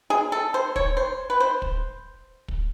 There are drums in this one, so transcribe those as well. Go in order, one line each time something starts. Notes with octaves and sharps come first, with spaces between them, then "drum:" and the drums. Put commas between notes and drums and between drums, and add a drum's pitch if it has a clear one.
G#4
A4
C5
C#5, drum: kick
C5
B4
C5
drum: kick
drum: kick